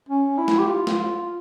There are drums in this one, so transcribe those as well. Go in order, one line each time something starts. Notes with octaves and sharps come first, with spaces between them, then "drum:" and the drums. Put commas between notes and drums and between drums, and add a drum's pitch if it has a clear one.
C#4
E4
drum: snare
G4
F4
drum: snare